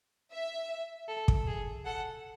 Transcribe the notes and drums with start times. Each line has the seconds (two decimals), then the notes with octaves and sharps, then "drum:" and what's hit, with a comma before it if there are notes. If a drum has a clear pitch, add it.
0.32 E5
1.08 A4
1.28 drum: kick
1.47 G#4
1.86 A4 F#5